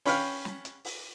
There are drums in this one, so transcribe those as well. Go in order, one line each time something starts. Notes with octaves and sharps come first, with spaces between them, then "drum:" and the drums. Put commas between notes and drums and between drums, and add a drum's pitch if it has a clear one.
C#4 B4 C#5 F5 G5 F6, drum: open hi-hat
drum: snare
drum: hi-hat
drum: open hi-hat